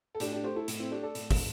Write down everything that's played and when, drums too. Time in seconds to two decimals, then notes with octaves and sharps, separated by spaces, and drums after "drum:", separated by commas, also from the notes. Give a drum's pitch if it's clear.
0.15 A4
0.20 A2 D4 G4, drum: hi-hat
0.32 D4 G4
0.44 A3 G4 C5
0.56 E4 A4
0.68 A2, drum: hi-hat
0.79 C4 E4
0.91 A3 D4 G4
1.03 A4 D5
1.15 A2, drum: hi-hat
1.31 drum: kick, open hi-hat